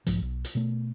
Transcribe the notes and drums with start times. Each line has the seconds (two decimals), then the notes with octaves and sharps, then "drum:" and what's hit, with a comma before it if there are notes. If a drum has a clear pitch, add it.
0.07 B1 G#2 F3, drum: hi-hat
0.21 B1
0.45 drum: hi-hat
0.55 B2 A3